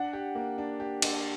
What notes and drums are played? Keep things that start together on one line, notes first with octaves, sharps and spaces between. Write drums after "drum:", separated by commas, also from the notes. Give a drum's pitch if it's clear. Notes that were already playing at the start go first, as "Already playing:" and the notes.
Already playing: D4 F#5
G4
A#3
D4
G4
D4, drum: cymbal